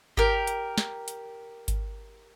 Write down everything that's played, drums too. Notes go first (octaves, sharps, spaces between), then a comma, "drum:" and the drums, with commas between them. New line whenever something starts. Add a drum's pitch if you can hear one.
G4 A#4, drum: kick G#1
drum: hi-hat
drum: snare
drum: hi-hat
drum: kick G#1, hi-hat